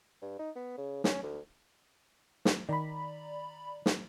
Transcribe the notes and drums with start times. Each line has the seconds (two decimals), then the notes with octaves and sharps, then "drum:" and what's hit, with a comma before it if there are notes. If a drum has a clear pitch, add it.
0.22 G2
0.39 D#4
0.56 B3
0.78 C#3
1.04 C#4, drum: snare
1.23 D2
2.45 drum: snare
2.69 D#3 D5 A#5 B5
3.86 drum: snare